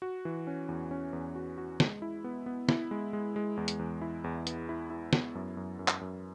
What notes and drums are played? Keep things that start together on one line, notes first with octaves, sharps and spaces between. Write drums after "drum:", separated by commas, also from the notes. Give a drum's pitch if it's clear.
F#4
E3
C#4
E2
C#4
E2
F#4
F#4
G#3, drum: snare
E4
B3
B3
E4, drum: snare
G#3
G#3
G#3
E2
drum: hi-hat
E2
E4
E2
B3, drum: hi-hat
E4
E4
B3, drum: snare
F#2
F#2
F#2
drum: clap
F#2